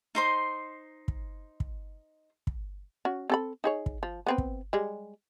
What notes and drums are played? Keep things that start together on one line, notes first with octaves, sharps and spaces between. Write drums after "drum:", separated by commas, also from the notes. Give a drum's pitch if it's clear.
D#4 C5 C6
drum: kick
drum: kick
drum: kick
C#4 F#4
C4 A4 B5
D#4 G#4 C#5
drum: kick
F3
B3 C4 B4
drum: kick
G3 G#3